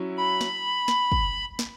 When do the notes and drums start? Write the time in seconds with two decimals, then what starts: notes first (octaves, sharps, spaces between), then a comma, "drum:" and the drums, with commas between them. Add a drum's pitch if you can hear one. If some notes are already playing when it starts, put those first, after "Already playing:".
Already playing: F#3 C#4 E4
0.17 B5
0.41 drum: snare
0.88 drum: snare
1.12 drum: kick
1.59 drum: snare